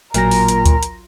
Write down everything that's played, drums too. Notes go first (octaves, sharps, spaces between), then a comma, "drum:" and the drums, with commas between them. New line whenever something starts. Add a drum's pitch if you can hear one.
A1 A#2 F#3 A#4 A#6, drum: hi-hat
drum: open hi-hat
drum: hi-hat
drum: kick D2, hi-hat
drum: hi-hat